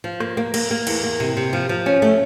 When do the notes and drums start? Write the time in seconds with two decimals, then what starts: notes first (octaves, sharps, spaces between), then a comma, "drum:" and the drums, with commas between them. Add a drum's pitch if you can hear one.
0.04 F3
0.20 A#3, drum: rim click
0.37 A#3
0.54 A#3, drum: cymbal
0.71 A#3
0.87 E2, drum: cymbal
1.03 A#3
1.20 C3
1.37 C3
1.53 F3
1.69 F3
1.86 C#4
2.02 A3